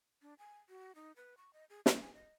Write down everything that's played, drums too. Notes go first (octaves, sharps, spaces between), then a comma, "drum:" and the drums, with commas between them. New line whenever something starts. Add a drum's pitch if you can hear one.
D4
G#5
F#4
D#4
B4
C#6
D#5
G#4
E4, drum: snare
G#5
D#5